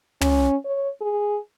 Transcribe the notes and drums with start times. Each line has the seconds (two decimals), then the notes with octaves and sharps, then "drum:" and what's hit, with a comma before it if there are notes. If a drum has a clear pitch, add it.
0.21 C#4, drum: tom
0.65 C#5
1.01 G#4